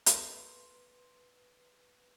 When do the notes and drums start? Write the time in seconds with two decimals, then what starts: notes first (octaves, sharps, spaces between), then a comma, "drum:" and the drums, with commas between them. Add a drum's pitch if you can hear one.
0.06 A#3 A4 B4 C#5 D#5 C6 F7, drum: hi-hat